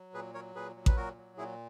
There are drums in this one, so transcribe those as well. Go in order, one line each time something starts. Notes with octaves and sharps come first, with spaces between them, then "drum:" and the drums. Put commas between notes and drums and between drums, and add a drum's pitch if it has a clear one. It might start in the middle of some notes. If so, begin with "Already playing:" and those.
Already playing: F#3
A#2 G#4 B4
F#3 A#4 C#5
A#2 G#4 B4
F#3
B4, drum: kick A1
A#2 F#4 A#4
F#3
A#2 E4 G#4